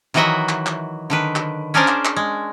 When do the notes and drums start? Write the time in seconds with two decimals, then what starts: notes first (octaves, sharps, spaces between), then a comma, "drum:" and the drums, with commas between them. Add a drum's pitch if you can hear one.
0.14 D#3 E3 F#3 F#4 D#5 E5
0.49 drum: clap
0.66 drum: clap
1.10 D3 D#3 B4
1.36 drum: clap
1.74 C#4 D4 G#4 A#4 C5 D5
1.88 drum: clap
2.05 drum: clap
2.16 G#3